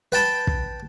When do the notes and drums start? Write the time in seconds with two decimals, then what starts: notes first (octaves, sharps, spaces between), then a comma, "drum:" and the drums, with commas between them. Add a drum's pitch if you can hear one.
0.12 B4 G5 A5 B5
0.47 drum: kick